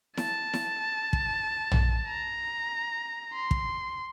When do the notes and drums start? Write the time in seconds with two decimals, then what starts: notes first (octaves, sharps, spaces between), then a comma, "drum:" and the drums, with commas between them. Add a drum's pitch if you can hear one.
0.17 A5, drum: snare E4
0.53 drum: snare E4
1.13 drum: kick
1.72 drum: tom A#1
2.08 A#5
3.34 C6
3.51 drum: kick